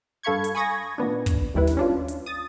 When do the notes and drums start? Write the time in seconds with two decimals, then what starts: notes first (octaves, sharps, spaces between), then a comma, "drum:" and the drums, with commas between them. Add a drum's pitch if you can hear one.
0.23 G2 A4 F5 B5 C#6 G#6
0.44 drum: hi-hat
0.55 G#5 B5 C#6 D#6 G#6 A#6
0.98 A#2 D#3 B3 D4
1.26 drum: kick, hi-hat
1.54 G1 D#2 G3 E4 B4
1.67 drum: snare
1.77 C#4 D4 F4
2.08 drum: hi-hat
2.26 D#6 A6